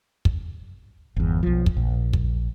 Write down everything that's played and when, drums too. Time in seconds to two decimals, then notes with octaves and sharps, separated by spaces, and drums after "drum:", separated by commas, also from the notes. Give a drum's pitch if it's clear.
0.25 drum: kick
1.16 G1 E2
1.43 B1 F3
1.66 drum: kick
1.77 A#1
2.13 drum: kick